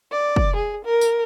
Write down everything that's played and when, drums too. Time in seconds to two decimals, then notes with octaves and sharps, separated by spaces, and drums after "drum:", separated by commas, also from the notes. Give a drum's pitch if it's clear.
0.12 D5
0.36 drum: kick
0.56 G#4
0.85 A#4
1.01 drum: tambourine